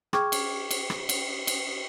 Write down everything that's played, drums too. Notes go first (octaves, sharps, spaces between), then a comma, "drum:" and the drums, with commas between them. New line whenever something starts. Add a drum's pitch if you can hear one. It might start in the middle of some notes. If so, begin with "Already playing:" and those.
G#4 G5 C#6 D6 F6 G#6, drum: rim click
drum: cymbal
drum: cymbal
drum: rim click
drum: cymbal
drum: cymbal